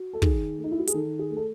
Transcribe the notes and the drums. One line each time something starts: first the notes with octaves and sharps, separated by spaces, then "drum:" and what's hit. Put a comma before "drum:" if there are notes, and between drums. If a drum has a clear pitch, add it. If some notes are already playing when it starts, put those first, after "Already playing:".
Already playing: F#4
A4
D#3 G#4, drum: kick
A3
D#4
E4
F#4
G#4, drum: hi-hat
D#3 A4
G#4
A3
A4